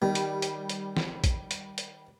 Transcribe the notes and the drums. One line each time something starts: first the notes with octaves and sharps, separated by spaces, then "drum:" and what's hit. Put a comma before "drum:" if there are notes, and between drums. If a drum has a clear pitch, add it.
D#3 G3
drum: hi-hat
drum: hi-hat
drum: hi-hat
drum: snare
drum: kick, hi-hat
drum: hi-hat
drum: hi-hat